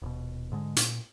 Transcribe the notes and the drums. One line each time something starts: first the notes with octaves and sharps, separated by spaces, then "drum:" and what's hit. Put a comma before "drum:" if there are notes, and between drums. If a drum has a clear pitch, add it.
D#1 B2
G#2 D3 G#3
A#2, drum: hi-hat